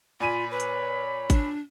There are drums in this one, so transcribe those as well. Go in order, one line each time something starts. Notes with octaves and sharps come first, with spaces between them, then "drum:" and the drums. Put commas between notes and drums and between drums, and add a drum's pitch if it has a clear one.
A#2 F4 G#5 B5 D#7
B4 C#5 B5
drum: hi-hat
D4, drum: kick G#1, hi-hat